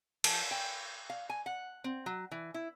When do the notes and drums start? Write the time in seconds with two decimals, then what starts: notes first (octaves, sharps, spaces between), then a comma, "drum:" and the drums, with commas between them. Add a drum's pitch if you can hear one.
0.24 F3, drum: cymbal
0.51 G5
1.10 F5
1.29 G#5
1.46 F#5
1.84 C4
2.06 F#3
2.31 E3
2.54 E4